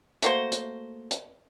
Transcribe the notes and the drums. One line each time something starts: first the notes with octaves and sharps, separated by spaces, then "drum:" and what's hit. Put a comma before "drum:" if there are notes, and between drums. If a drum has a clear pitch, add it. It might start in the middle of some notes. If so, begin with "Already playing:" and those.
A3 A#3 F#4 C5, drum: hi-hat
drum: hi-hat
drum: hi-hat